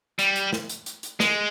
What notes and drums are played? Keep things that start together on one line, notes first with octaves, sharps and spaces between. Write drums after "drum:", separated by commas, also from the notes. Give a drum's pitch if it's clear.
G3, drum: hi-hat
drum: hi-hat
drum: snare
drum: hi-hat
drum: hi-hat
drum: hi-hat
G#3, drum: snare